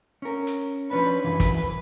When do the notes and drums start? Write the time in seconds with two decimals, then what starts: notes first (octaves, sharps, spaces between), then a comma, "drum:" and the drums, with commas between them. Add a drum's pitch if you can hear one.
0.22 C#4 A#4
0.47 drum: hi-hat
0.91 F3 C#4 D4 B4
1.24 C2 F#2 E3
1.40 drum: kick, hi-hat